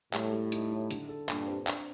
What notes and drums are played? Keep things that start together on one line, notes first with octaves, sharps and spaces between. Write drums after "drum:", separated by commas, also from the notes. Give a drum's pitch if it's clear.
A2 G3, drum: clap
G3
D#4, drum: hi-hat
D#4
D3, drum: hi-hat
A4
G2 A#2, drum: clap
C4
D4, drum: clap